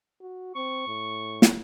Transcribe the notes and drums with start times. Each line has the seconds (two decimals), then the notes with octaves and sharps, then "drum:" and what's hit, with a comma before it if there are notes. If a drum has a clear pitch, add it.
0.21 F#4
0.56 C4 C#6
0.87 A2
1.42 drum: snare